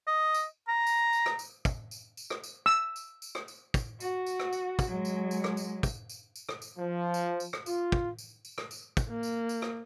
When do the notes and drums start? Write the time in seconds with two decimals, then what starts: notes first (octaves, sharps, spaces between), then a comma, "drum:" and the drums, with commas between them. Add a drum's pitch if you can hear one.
0.07 D#5
0.34 drum: tambourine
0.68 A#5
0.87 drum: tambourine
1.13 drum: tambourine
1.26 drum: rim click
1.39 drum: tambourine
1.65 drum: kick, tambourine
1.91 drum: tambourine
2.17 drum: tambourine
2.30 drum: rim click
2.44 drum: tambourine
2.66 E6
2.96 drum: tambourine
3.22 drum: tambourine
3.35 drum: rim click
3.48 drum: tambourine
3.74 drum: kick, tambourine
4.00 F#4, drum: tambourine
4.26 drum: tambourine
4.40 drum: rim click
4.53 drum: tambourine
4.79 drum: kick, tambourine
4.88 F#3 G#3
5.05 drum: tambourine
5.31 drum: tambourine
5.44 drum: rim click
5.57 drum: tambourine
5.83 drum: kick, tambourine
6.09 drum: tambourine
6.36 drum: tambourine
6.49 drum: rim click
6.62 drum: tambourine
6.79 F3
7.14 drum: tambourine
7.40 drum: tambourine
7.53 drum: rim click
7.66 F4, drum: tambourine
7.92 drum: kick
8.18 drum: tambourine
8.45 drum: tambourine
8.58 drum: rim click
8.71 drum: tambourine
8.97 drum: kick, tambourine
9.09 A#3
9.23 drum: tambourine
9.49 drum: tambourine
9.62 drum: rim click